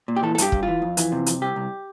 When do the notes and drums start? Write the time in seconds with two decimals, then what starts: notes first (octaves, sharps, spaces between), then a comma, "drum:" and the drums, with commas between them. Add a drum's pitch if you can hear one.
0.08 A#2
0.16 G4
0.23 E3 A4
0.35 A4
0.38 G2 G4, drum: hi-hat
0.52 G2, drum: kick
0.63 E3 F4
0.82 F2
0.97 E3, drum: hi-hat
1.12 C3
1.26 F2, drum: hi-hat
1.41 C2 G4
1.56 C2